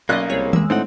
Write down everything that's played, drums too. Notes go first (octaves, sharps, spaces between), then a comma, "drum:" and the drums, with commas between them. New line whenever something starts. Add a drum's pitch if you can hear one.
B1 A#3 C#4 D5 D#5 F#6
C2 G#4 C#5
E2 G#3 A#3 E6, drum: tom D#3
A2 C4 D4 D#4 F#5